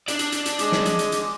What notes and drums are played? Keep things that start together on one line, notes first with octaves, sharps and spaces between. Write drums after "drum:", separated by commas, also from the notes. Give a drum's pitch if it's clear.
D4 D5, drum: hi-hat
drum: hi-hat
drum: hi-hat
drum: hi-hat
G#3 D6, drum: hi-hat
drum: snare
drum: hi-hat
drum: hi-hat
drum: hi-hat